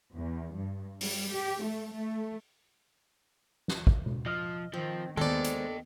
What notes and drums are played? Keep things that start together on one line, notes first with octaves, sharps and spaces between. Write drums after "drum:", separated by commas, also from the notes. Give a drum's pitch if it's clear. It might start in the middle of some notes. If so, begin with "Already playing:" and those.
E2
G2
G3, drum: open hi-hat
G4
A3
A3
drum: snare
drum: kick
drum: tom B2
F3 D#5 D#6 F6
D#3 F3 C4
D#2 G#3 B3 A4 C5 D5 D#5 G5, drum: tom D#3
drum: hi-hat